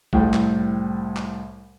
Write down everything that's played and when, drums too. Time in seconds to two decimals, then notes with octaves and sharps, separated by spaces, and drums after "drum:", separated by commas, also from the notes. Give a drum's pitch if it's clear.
0.13 C2 A2 A4 G5, drum: kick A1
0.33 drum: clap
1.16 drum: clap